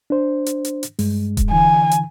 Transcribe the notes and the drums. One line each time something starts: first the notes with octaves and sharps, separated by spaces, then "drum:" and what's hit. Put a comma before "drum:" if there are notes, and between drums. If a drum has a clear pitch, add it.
D4 C5
drum: hi-hat
drum: hi-hat
drum: hi-hat
G2 G#3, drum: open hi-hat
drum: kick D#1, hi-hat
D3 E3 G#5
drum: hi-hat